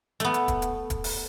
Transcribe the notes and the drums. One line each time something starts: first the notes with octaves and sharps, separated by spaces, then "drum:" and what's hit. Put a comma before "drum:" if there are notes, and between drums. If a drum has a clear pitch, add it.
A3 B3, drum: hi-hat
drum: hi-hat
drum: kick D#1, hi-hat
drum: hi-hat
drum: kick D#1, hi-hat
drum: open hi-hat